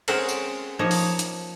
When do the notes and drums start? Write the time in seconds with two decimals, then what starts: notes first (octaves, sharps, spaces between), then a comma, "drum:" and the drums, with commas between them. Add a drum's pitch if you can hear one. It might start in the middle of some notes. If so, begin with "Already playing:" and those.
0.08 G#3 C4 C#4 A#4 C5 F#5, drum: cymbal
0.29 drum: tambourine
0.79 F3 A#3 D#4 C#5
0.91 drum: open hi-hat
1.19 drum: hi-hat